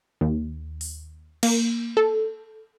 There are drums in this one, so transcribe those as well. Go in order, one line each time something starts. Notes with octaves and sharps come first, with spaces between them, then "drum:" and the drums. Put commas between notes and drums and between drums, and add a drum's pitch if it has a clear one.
D#2
drum: open hi-hat
A#3, drum: cymbal
A4